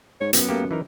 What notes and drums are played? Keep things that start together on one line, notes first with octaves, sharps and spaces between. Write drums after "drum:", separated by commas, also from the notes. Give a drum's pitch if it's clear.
G#2 C#5
F#2 B3, drum: hi-hat
A3 A#3 G4
E3 D#4 A#4